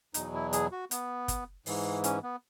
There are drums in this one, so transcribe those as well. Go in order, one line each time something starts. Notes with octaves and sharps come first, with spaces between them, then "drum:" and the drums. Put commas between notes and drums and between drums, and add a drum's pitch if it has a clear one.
E2 B2 F#3 D#4, drum: hi-hat
E4
G#4, drum: hi-hat
F#4
B3, drum: hi-hat
drum: kick, hi-hat
G#2 E3, drum: open hi-hat
C#4, drum: hi-hat
B3